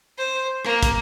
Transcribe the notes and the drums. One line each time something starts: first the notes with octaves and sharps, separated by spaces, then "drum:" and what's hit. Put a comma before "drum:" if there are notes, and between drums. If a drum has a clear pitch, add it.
C5
A#3, drum: rim click
drum: kick, hi-hat